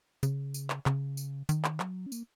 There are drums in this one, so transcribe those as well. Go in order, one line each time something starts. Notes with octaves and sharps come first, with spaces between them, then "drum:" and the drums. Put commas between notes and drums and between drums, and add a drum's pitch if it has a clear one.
C#3, drum: tambourine
drum: tambourine
drum: clap
C#3, drum: clap
drum: tambourine
D#3, drum: tambourine
drum: clap
F#3, drum: clap
C#4
A#3, drum: tambourine